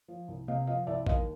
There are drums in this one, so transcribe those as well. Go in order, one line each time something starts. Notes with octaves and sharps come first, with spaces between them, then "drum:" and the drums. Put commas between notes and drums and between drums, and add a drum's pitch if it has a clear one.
F3
C2
C3 D#5 F5
F3 D#5 F5
C2 D5 E5
D#2 D#5 F5, drum: kick